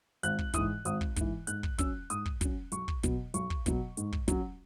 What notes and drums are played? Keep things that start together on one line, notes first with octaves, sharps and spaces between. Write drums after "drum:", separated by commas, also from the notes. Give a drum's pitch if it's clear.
G#1 F#6, drum: hi-hat
drum: kick
G#2 E3 D#6, drum: kick, hi-hat
G#1 D#6, drum: hi-hat
drum: kick
G#2 E3, drum: kick, hi-hat
G#2 F#6, drum: hi-hat
drum: kick
F#3 C#4 E6, drum: kick, hi-hat
G#2 D#6, drum: hi-hat
drum: kick
F#3 C#4, drum: kick, hi-hat
B1 C#6, drum: hi-hat
drum: kick
B2 F#3, drum: kick, hi-hat
B1 C#6, drum: hi-hat
drum: kick
B2 F#3, drum: kick, hi-hat
G#2, drum: hi-hat
drum: kick
F#3 C#4, drum: kick, hi-hat